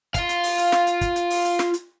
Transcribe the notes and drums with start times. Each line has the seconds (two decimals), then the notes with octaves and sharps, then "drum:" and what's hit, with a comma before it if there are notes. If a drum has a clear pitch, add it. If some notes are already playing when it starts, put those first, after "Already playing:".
0.14 F4 F5, drum: kick, hi-hat
0.29 drum: hi-hat
0.43 drum: open hi-hat
0.58 drum: hi-hat
0.72 drum: snare
0.87 drum: hi-hat
1.01 drum: kick, hi-hat
1.16 drum: hi-hat
1.30 drum: open hi-hat
1.45 drum: hi-hat
1.59 drum: snare
1.74 drum: hi-hat